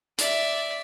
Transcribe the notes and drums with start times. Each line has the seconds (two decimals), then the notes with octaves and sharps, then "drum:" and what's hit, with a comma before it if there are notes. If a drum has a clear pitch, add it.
0.18 D5 E5, drum: hi-hat